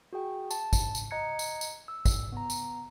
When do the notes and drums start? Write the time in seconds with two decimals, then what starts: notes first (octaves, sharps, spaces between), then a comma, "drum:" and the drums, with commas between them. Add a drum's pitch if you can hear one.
0.13 F#4 G#4 G5
0.51 A5, drum: tambourine
0.73 drum: kick, tambourine
0.95 drum: tambourine
1.11 D#5 A#5 F#6 G#6 C#7
1.39 drum: tambourine
1.61 drum: tambourine
1.88 E6
2.05 drum: kick, tambourine
2.32 B3 A#5
2.50 drum: tambourine